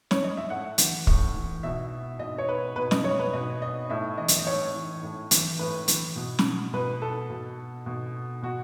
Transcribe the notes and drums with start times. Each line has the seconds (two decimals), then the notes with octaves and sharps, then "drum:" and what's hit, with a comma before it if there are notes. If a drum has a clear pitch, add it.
0.11 C#5, drum: snare
0.24 D#5
0.37 E5
0.50 A2 F#5
0.78 E3, drum: hi-hat
1.07 A2, drum: kick
1.36 E3
1.63 B2 E5
2.19 B2 D#5
2.38 C#5
2.49 B4
2.76 B2 B4
2.91 D#5, drum: snare
3.04 C#5
3.19 B4
3.33 B2 D#5
3.62 D#5
3.90 A2 E5
4.18 E3 D#5
4.28 drum: hi-hat
4.39 D#5
4.46 A2 C#5
4.74 E3
5.03 A2
5.31 E3, drum: hi-hat
5.59 A2 B4
5.88 E3, drum: hi-hat
6.16 B2
6.39 drum: snare
6.73 B2 B4
7.02 A4
7.30 B2
7.86 B2
8.42 B2 F#4